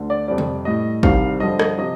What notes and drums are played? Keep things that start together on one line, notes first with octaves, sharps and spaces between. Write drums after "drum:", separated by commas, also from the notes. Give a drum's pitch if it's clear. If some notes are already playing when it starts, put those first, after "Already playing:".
Already playing: D2 D3
D5
F2 C3 G3 D5
drum: tom C3
A2 G3 D#5
C2 C3 D#3 G3 F5, drum: kick A1
G2 D3 F3 D#5
D#5, drum: rim click
C3 F3 D#5